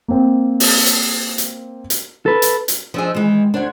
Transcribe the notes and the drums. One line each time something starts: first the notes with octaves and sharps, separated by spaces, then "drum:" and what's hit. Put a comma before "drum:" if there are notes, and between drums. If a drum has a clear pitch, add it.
A#3 C4
drum: open hi-hat
drum: hi-hat
drum: hi-hat
drum: hi-hat
A4 B4
drum: hi-hat
drum: hi-hat
F3 D4 G#4 C5 D#5 E6
D#3 E3 G#3
D2 D4 C5 F#5 G#6